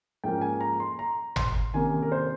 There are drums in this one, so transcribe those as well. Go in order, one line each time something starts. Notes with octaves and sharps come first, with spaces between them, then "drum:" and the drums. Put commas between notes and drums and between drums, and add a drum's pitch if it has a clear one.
G#2 F3 A#3 C#4 G5
G#5
A#5
C6
A#5
C6, drum: tom G#1
C3 D#3 A#3 C#4 G#5
A#4
C5